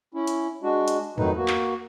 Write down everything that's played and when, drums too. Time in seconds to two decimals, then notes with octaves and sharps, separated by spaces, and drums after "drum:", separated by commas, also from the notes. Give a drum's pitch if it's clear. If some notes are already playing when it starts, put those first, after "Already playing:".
0.14 C#4 E4
0.27 drum: hi-hat
0.63 G#3 D4 F#4
0.88 drum: hi-hat
1.18 F2 D#3 F#3 A3 D#4 B4, drum: tom
1.36 A#3 F#4
1.48 drum: clap